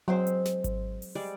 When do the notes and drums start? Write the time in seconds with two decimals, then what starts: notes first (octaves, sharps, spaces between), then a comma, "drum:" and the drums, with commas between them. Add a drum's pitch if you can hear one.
0.08 F#3 G#3 C4 C5
0.27 drum: hi-hat
0.45 drum: snare
0.64 drum: kick G#1, hi-hat
1.02 drum: open hi-hat
1.15 G3 G#3 D5